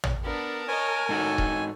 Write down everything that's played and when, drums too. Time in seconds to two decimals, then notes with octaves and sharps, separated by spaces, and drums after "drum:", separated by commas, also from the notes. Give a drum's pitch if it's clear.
0.04 drum: tom
0.24 B3 D4 A#4 A5
0.68 C#5 D#5 G#5
1.09 G#2 D#4 F#4 A4 C#5
1.38 drum: kick D#1